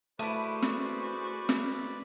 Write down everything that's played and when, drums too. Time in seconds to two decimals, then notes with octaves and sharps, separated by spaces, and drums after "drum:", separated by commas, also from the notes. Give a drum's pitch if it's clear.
0.19 A3 E4 F#4 G#4 B4 C5 D5 D#6
0.62 drum: snare
1.49 drum: snare